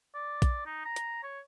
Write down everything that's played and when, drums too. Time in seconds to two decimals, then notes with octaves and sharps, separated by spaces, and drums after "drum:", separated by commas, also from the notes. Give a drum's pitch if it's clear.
0.15 D5
0.42 drum: kick A#1, hi-hat
0.66 D#4
0.85 A#5
0.96 drum: hi-hat
1.24 C#5